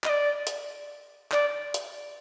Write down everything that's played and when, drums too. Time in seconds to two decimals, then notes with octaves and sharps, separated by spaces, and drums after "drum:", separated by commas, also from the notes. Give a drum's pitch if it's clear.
0.04 D#5, drum: clap
0.09 D5
0.47 drum: hi-hat
1.32 D5, drum: clap
1.74 drum: hi-hat